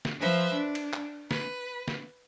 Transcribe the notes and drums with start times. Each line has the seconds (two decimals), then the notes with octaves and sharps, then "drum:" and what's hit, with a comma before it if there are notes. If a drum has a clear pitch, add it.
0.05 drum: snare
0.20 F3 B4 C5 E5
0.54 D4
0.75 drum: cymbal
0.93 drum: clap
1.31 B4, drum: snare
1.88 drum: snare